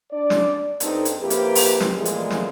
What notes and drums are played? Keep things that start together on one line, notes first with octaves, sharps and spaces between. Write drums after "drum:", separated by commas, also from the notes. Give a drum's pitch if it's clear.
D4 D5
drum: snare
G2 C4 D#4 A4, drum: hi-hat
drum: hi-hat
F2 A#3 E4 G4 B4
drum: hi-hat
drum: open hi-hat
drum: snare
E2 A#2 E3 F3 G#3 A3
drum: hi-hat
drum: snare